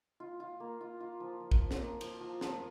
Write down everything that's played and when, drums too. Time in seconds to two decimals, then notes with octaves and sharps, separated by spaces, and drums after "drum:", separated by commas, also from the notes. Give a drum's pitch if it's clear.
0.20 F4
0.40 F4
0.60 A#3
0.81 F4
1.00 F4
1.20 F3
1.40 F3
1.51 drum: kick
1.61 F3
1.71 drum: snare
1.81 A#3
2.01 F3, drum: cymbal
2.20 F3
2.41 F3, drum: snare